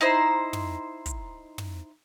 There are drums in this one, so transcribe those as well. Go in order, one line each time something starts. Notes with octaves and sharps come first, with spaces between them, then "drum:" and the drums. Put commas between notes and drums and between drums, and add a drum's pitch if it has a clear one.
D#4 E4 C5
drum: tom
drum: kick, hi-hat
drum: tom